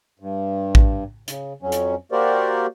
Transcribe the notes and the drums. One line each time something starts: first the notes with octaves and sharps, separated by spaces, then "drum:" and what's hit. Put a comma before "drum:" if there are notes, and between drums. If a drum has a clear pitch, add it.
G2
drum: kick A1
C#3, drum: hi-hat
F2 F#3 C#4
drum: hi-hat
A#3 F#4 G4 A#4 C5 D5